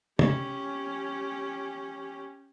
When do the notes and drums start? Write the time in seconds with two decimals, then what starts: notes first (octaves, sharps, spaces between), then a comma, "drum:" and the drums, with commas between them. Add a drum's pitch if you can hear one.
0.19 C#4 G4, drum: tom